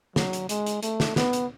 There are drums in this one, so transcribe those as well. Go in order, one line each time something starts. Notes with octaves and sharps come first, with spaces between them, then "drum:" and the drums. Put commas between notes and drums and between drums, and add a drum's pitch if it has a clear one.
F#3, drum: snare
drum: hi-hat
G#3, drum: hi-hat
drum: hi-hat
A3, drum: hi-hat
drum: snare
B3, drum: snare
drum: hi-hat